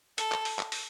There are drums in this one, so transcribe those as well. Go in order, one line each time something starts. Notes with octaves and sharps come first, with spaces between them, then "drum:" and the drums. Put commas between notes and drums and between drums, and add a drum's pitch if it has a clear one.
A4, drum: hi-hat
drum: clap
drum: open hi-hat
drum: clap
drum: open hi-hat